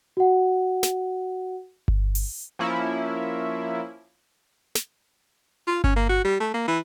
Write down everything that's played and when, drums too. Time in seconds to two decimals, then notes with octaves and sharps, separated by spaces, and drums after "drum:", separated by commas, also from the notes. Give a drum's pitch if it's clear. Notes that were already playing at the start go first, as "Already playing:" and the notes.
0.17 F#4 F#5
0.83 drum: snare
1.88 drum: kick G1
2.15 drum: open hi-hat
2.59 F3 A#3 C#4 E4
4.75 drum: snare
5.67 F4
5.84 C#4, drum: kick G1
5.96 A#3
6.09 F#4
6.24 G3
6.40 A3
6.54 A#3
6.68 E3